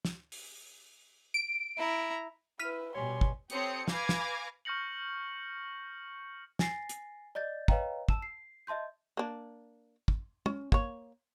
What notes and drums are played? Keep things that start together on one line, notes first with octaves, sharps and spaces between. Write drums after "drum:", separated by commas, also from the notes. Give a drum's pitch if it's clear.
drum: snare
drum: open hi-hat
D7
E4 A#5
E4 B4 F6 B6 D#7
B2 G3 C#5 G#5 C6
drum: kick
C4 G4 A4 C#5 D#6 C#7, drum: hi-hat
B4 F5 G#5 D6 G#6 A#6, drum: snare
drum: snare
C#6 F6 G6 A#6 C#7 F#7
G#5 A6 A#6 C7, drum: snare
drum: hi-hat
D5 D#5 G6 A6
B4 C#5 D#5 F5 G5 A#5, drum: kick
A5 E6 E7, drum: kick
C7
D#5 E5 A5 C6 G6
A#3 D4
drum: kick
C#4, drum: tom
A#3 C#5, drum: kick